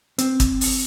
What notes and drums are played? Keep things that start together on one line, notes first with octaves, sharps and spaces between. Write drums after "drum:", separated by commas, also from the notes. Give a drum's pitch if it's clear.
C4, drum: hi-hat
drum: kick, hi-hat
drum: open hi-hat